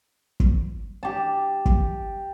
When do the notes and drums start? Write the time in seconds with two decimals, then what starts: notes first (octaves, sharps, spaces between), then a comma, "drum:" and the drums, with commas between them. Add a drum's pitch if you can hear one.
0.40 drum: kick
1.03 G4 A5
1.66 drum: kick